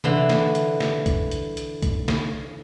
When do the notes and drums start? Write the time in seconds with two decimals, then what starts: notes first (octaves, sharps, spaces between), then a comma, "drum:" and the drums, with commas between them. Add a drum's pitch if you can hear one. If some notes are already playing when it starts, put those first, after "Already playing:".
0.04 D3 E3 C6, drum: tom C3
0.29 drum: snare
0.55 drum: hi-hat
0.80 drum: snare
1.06 drum: kick B1, hi-hat
1.31 drum: hi-hat
1.57 drum: hi-hat
1.82 drum: kick B1, hi-hat
2.08 drum: snare